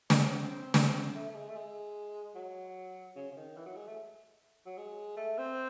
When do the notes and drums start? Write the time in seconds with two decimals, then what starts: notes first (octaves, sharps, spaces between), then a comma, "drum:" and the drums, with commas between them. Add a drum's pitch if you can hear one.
0.10 D#4, drum: snare
0.22 C#4
0.34 C4
0.74 C4, drum: snare
1.16 A3
1.30 A3
1.35 G#3
1.49 A3
1.56 G#3
2.35 F#3
3.16 C#3
3.32 C#3
3.37 D#3
3.57 E3
3.66 F#3
3.76 G#3
3.87 A3
4.66 F#3
4.78 G#3
5.17 A3
5.38 C4